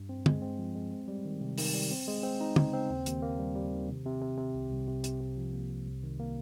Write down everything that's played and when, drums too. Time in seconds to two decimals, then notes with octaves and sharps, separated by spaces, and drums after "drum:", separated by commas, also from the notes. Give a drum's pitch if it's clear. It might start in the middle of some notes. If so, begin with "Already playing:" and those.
Already playing: G2
0.09 C4
0.26 G#3, drum: tom
0.42 C4
0.59 F3
0.75 G#3
0.92 C4
1.08 G3
1.25 D#3
1.41 C3
1.58 D#3, drum: open hi-hat
1.74 G3
1.91 C4
2.08 G#3
2.23 C4
2.41 D#4
2.56 C#3, drum: tom
2.73 C4
2.90 D#2
3.06 D#2, drum: hi-hat
3.22 A#3
3.39 G3
3.56 G3
3.72 D#3
3.88 C3
4.05 C3
4.21 C3
4.38 C3
4.55 C2
4.71 C2
4.87 C3
5.04 C3, drum: hi-hat
5.20 C3
5.37 F3
5.53 A#3
5.70 C3
5.86 C2
6.03 D#3
6.20 A#3